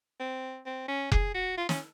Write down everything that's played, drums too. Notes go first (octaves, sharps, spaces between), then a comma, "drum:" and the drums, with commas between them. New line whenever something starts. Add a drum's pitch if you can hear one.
C4
C4
C#4
G#4, drum: kick F1
F#4
F4
C#4, drum: snare